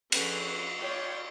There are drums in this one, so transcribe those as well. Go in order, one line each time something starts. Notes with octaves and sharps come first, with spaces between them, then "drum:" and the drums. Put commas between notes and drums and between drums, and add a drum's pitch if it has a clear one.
D3 F3 C#4 G#4 B4, drum: cymbal
F4 C#5 D5 G5